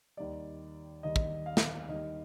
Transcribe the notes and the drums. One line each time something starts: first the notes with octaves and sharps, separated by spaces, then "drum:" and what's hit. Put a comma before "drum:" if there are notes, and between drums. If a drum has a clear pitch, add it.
D#2 D#3 G3 D5
D#2 D#3 G3 D#5
drum: kick
F5
drum: snare
D#2 D#3 G3 D#5